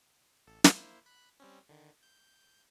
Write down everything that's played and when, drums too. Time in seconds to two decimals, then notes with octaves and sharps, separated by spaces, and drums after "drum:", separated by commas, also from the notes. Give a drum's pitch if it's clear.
0.47 A1 A4
0.64 A#3 E4 C5, drum: snare
1.06 B5 F#6
1.40 G3 C4 C#4
1.69 D3 D#3
2.03 G6